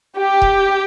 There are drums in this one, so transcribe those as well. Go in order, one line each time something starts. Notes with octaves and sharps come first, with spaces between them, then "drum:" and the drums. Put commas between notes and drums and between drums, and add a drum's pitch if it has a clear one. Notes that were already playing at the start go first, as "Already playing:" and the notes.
G4
drum: kick D#1